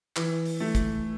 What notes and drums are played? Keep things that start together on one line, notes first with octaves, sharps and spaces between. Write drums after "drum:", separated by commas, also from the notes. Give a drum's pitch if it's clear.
E3, drum: clap
drum: open hi-hat
A3
drum: kick, hi-hat